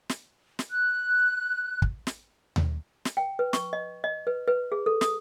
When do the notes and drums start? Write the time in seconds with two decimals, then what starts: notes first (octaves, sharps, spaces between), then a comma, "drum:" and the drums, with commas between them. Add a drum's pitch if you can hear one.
0.09 drum: snare
0.59 drum: snare
0.70 F#6
1.82 drum: kick
2.07 drum: snare
2.56 drum: tom D#2
3.05 drum: snare
3.17 G5
3.39 B4
3.53 C#6, drum: snare
3.73 D#5
4.04 D#5
4.27 B4
4.48 B4
4.72 G#4
4.86 A4
5.01 D#6, drum: snare